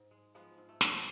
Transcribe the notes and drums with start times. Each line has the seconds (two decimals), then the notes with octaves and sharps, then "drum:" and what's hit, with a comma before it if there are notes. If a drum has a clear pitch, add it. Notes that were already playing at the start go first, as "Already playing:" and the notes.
Already playing: G#2
0.11 G#3
0.35 F3 G#3 B3
0.57 G#2
0.69 A3
0.81 G#2, drum: snare